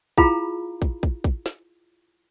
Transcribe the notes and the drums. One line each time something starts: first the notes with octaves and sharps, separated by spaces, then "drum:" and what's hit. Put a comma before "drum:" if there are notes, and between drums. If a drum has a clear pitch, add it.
E4 F4 G#4 F5 A#5 B5, drum: kick
drum: kick
drum: kick
drum: kick
drum: snare